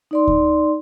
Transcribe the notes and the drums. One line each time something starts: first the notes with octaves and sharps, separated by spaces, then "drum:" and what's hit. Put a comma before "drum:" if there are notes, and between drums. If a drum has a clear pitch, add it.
D#4 D5 C6
drum: kick D2